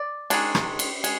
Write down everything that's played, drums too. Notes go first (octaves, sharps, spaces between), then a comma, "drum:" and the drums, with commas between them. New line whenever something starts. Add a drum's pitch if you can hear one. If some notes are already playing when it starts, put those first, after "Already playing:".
Already playing: D5
D#3 G#3 D4, drum: cymbal
drum: rim click
drum: cymbal
G#3, drum: cymbal